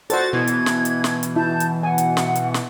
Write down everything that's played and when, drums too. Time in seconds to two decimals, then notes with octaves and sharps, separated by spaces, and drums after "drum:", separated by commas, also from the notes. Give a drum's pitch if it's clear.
0.10 F#4 A4 C5 D5 A6, drum: hi-hat
0.33 B2 E3 G#6
0.47 drum: hi-hat
0.66 drum: snare
0.85 drum: hi-hat
1.04 drum: snare
1.23 drum: hi-hat
1.36 E4 A5 G6
1.60 drum: hi-hat
1.83 F#5 G#5
1.98 drum: hi-hat
2.17 drum: snare
2.35 drum: hi-hat
2.54 drum: snare